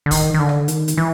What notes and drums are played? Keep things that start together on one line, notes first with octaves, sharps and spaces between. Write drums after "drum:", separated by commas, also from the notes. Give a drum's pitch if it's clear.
D3
D#3, drum: kick, open hi-hat
D#3
D3
drum: rim click
D#3, drum: hi-hat
drum: hi-hat
E3